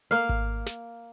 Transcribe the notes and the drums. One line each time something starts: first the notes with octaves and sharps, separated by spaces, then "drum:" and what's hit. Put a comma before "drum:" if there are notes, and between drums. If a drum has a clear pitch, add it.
A#3 F5
drum: kick G#1
drum: snare